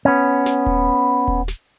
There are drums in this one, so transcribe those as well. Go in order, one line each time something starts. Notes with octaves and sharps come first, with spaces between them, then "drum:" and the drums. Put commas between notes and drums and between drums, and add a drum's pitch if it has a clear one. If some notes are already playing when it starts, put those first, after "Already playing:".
B3 C#4
drum: snare
drum: kick D#1
drum: kick D#1
drum: snare